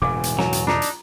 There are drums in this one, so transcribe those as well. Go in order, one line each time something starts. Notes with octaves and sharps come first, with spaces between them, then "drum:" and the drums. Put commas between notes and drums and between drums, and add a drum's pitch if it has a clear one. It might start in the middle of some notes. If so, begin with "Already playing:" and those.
E1 A2 C#3 F5 G#5 D6
drum: hi-hat
F#3, drum: snare
drum: hi-hat
D4 D#4 F4 A#5, drum: snare
drum: hi-hat